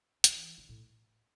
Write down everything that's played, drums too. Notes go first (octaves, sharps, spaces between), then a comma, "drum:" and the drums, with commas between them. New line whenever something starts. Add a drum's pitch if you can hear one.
E3, drum: hi-hat
D3
A2